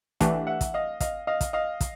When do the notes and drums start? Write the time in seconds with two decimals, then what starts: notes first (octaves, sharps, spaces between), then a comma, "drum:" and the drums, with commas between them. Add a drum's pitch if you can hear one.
0.20 E3 A3 D4 G4 E5 F#5, drum: kick, hi-hat
0.47 E5 F#5
0.61 drum: kick, hi-hat
0.74 D#5 F5
1.00 D#5 F5, drum: kick, hi-hat
1.27 D#5 F5
1.41 drum: kick, hi-hat
1.53 D#5 F5
1.81 drum: kick, hi-hat